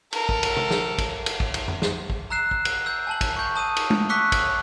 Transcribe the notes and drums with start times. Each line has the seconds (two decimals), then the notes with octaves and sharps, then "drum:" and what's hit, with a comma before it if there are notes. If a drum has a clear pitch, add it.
0.13 A4 A#4, drum: cymbal
0.29 drum: kick
0.43 drum: cymbal
0.57 drum: tom C3
0.71 drum: snare
0.98 drum: kick, cymbal
1.26 drum: cymbal
1.40 drum: kick
1.54 drum: cymbal
1.68 drum: tom F2
1.82 drum: snare
2.10 drum: kick
2.30 A#5 E6 F#6 C7 E7
2.51 drum: kick
2.65 drum: cymbal
2.86 E6 G6
3.07 G#5 A5 F#7
3.21 drum: kick, cymbal
3.36 C#6 G6
3.55 A5 D#6 E6 D#7
3.76 drum: cymbal
3.90 drum: tom
4.09 C#6 D6 E6 F#6 B6 C#7
4.32 drum: kick, cymbal